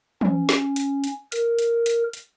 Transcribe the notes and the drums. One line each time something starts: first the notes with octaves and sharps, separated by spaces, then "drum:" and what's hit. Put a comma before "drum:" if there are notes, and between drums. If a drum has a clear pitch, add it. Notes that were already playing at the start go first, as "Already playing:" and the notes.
C#4, drum: tom E3
drum: snare
drum: hi-hat
drum: hi-hat
A#4, drum: hi-hat
drum: hi-hat
drum: hi-hat
drum: hi-hat